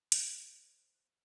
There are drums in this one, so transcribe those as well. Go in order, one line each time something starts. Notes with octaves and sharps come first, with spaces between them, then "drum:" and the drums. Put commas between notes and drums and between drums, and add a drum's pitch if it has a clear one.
C5 F#6, drum: hi-hat